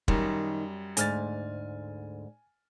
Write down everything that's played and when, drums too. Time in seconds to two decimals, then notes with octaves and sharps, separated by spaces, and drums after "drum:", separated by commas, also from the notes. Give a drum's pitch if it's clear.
0.08 F#2 D#3 G3, drum: kick
0.97 D2 G#2 G#5 F6 A6, drum: hi-hat